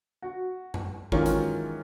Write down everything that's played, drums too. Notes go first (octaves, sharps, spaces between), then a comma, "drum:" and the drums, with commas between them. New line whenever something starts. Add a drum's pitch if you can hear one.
F#4
drum: tom F#2
D#3 E3 F#3 G#3 C#4 F4, drum: kick G#1
drum: hi-hat